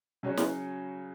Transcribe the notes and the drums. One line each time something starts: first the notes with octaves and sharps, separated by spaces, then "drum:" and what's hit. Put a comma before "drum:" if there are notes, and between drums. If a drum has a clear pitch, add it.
C#3 F#3 C#4 F#4 C#5
drum: snare